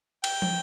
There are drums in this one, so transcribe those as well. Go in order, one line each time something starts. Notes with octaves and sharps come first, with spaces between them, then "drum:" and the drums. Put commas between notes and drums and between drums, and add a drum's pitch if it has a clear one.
G5, drum: cymbal
drum: tom